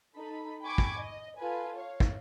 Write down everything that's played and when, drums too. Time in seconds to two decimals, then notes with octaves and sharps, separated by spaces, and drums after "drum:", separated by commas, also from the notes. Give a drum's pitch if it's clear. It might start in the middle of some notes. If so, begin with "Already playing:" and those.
0.16 D#4 A4 B5
0.62 G5 G#5 B5 C#6 D6 G#6
0.78 drum: kick
0.99 D#5
1.38 F4 A4 B4 G#5
1.76 C#5 F5
2.00 drum: kick